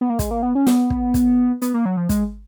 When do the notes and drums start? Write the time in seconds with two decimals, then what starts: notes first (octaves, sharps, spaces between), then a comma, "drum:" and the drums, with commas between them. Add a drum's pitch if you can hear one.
0.01 B3
0.10 A#3
0.19 G#3, drum: kick, hi-hat
0.31 A#3
0.43 B3
0.55 C#4
0.67 B3, drum: snare
0.90 drum: kick
1.14 drum: kick, hi-hat
1.62 B3, drum: hi-hat
1.74 A#3
1.86 F#3
1.97 F3
2.09 G#3, drum: kick, hi-hat